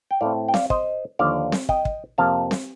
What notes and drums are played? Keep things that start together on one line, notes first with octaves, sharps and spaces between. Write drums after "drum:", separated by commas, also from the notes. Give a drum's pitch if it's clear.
G5
A2 A3 C4 D5 F5
G5
D5 F5, drum: snare C4
C5 D#5, drum: kick
D#2 D3 F3 D5 F5
drum: snare C4
D#5 G5, drum: kick
drum: kick
F2 C3 F3 A#3 F5 A5
drum: snare C4